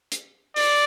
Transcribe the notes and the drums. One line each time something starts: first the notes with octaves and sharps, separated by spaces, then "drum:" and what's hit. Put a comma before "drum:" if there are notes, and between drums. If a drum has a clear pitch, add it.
drum: hi-hat
D5, drum: open hi-hat